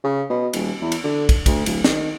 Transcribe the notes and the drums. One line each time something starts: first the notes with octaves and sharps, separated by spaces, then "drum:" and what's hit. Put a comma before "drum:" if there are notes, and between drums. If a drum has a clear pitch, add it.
C#3
B2
D#1, drum: cymbal
E2
drum: cymbal
D3
drum: kick, cymbal
D2, drum: kick, cymbal
D1, drum: cymbal
D#3, drum: snare